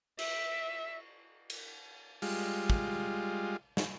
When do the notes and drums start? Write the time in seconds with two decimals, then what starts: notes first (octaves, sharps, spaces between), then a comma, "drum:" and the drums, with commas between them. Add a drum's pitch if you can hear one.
0.19 E5, drum: cymbal
1.50 drum: cymbal
2.22 G3 G#3 F4, drum: open hi-hat
2.70 drum: kick
3.77 drum: snare